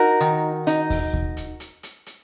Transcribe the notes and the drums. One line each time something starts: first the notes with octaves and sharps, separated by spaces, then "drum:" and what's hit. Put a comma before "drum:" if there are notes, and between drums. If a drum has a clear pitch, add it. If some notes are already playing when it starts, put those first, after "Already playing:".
Already playing: D#4 F#4 A#4
D#3
D#4, drum: hi-hat
drum: kick D#2, open hi-hat
drum: kick D#2
drum: hi-hat
drum: hi-hat
drum: hi-hat
drum: hi-hat